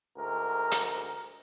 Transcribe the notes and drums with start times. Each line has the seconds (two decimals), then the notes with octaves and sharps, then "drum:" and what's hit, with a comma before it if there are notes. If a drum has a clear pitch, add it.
0.17 D2 G#2 A#4
0.72 drum: hi-hat